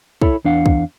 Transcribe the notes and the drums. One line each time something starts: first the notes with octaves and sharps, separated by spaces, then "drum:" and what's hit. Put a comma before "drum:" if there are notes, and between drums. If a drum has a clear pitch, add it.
E4 A4 C#5 E5 B5, drum: kick
E2 D4 F5 F#5
drum: kick